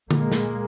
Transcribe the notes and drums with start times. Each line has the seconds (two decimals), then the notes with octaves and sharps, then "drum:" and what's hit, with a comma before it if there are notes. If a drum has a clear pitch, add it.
0.11 A#2 G#3 A#3, drum: tom D3
0.31 drum: snare